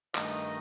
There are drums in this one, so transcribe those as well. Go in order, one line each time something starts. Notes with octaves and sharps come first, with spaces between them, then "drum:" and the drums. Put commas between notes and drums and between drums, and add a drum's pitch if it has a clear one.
G2 D#3 A3 D#4 D#5, drum: clap